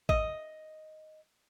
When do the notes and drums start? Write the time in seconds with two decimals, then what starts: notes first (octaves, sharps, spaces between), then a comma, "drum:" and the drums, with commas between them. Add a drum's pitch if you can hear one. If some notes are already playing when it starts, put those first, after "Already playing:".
0.09 D#5, drum: kick A1